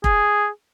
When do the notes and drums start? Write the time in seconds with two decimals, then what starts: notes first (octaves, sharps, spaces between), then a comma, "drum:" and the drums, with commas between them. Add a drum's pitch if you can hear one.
0.04 G#4, drum: kick F1